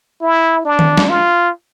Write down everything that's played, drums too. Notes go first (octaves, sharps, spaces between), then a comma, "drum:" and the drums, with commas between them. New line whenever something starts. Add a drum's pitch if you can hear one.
E4
D4
drum: tom D#3
drum: snare
F4